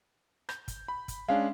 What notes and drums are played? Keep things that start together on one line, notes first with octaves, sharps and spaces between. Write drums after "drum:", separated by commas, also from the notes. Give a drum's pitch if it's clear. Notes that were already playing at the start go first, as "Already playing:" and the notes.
G6, drum: rim click
drum: kick, hi-hat
B5
drum: kick, hi-hat
G#3 C#4 D4 F5